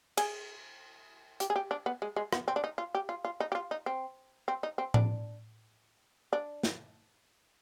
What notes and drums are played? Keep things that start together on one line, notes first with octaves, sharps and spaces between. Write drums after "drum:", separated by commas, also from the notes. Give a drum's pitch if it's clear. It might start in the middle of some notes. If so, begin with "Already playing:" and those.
G#4, drum: cymbal
G4, drum: hi-hat
G#4
G4
D4
B3
G#3
G#3
B3, drum: rim click
C4
D4
D#4
F4
G4
F4
F4
D#4
G4
F4
D#4
C4
C4
D#4
C4
D4, drum: tom A2
D4
drum: snare